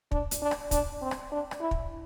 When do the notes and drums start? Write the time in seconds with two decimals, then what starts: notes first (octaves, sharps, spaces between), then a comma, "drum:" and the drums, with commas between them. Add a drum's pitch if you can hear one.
0.12 D4, drum: kick
0.31 drum: hi-hat
0.42 D4
0.51 drum: rim click
0.71 D4, drum: kick, hi-hat
1.02 C4
1.11 drum: rim click
1.32 D4
1.51 drum: rim click
1.61 E4
1.71 drum: kick